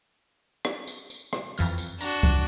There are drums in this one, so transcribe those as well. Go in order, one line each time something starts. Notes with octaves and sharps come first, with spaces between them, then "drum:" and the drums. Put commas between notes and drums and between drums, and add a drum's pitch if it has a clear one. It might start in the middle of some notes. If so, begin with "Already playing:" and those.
drum: rim click
drum: tambourine
drum: tambourine
drum: rim click
F2 E3 F6, drum: tambourine
drum: tambourine
D4 F#4 A#5, drum: tambourine
drum: kick C2